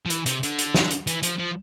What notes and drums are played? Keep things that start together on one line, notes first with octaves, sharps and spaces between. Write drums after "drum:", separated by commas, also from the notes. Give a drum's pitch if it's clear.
F3
E3, drum: hi-hat
C3, drum: hi-hat
D3, drum: hi-hat
drum: hi-hat
drum: snare
drum: hi-hat
E3, drum: hi-hat
F3, drum: hi-hat
F3